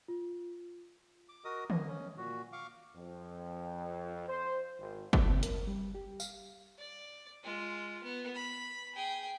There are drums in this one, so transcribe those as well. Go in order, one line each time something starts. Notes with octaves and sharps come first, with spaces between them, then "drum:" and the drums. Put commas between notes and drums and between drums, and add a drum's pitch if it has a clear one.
F4
D6
F#4 A#4 D#5 D#6
A#3 D#5, drum: tom D3
C#4
A#2 F#4
F5 C#6 D6
F2
C5
G#1
drum: kick
C4
A#4, drum: hi-hat
G3
G4
F5, drum: tambourine
D5
G#3 F4
B3
B5
G#4 G5